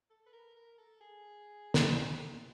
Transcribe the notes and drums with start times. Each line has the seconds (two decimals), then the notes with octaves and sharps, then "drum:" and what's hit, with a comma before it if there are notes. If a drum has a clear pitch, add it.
0.10 A4
0.26 B4
0.32 A#4
0.56 A#4
0.78 A4
1.01 G#4
1.74 drum: snare
2.12 G4
2.27 F4